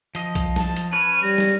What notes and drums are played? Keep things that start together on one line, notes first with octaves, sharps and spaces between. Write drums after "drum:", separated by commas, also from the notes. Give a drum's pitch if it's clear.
F3 D#5, drum: hi-hat
drum: kick B1, hi-hat
A5, drum: snare
drum: hi-hat
C#4 B4 C#5 D#7
G3 A#6
drum: snare